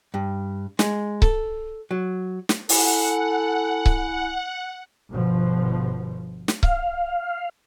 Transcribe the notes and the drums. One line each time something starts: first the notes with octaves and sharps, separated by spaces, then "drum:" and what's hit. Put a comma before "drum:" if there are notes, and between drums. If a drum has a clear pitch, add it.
G2
G#3, drum: snare
A4, drum: kick C#1
F#3
drum: snare
E4 A4 F#5 G#5 B5, drum: open hi-hat
drum: kick C#1
G1 B2 F3
drum: snare
F5, drum: kick C#1